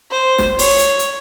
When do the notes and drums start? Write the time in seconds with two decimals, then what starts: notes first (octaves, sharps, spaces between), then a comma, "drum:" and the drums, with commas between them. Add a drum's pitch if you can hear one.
0.11 C5
0.38 drum: snare
0.59 C#5, drum: open hi-hat
0.79 drum: hi-hat
0.99 drum: hi-hat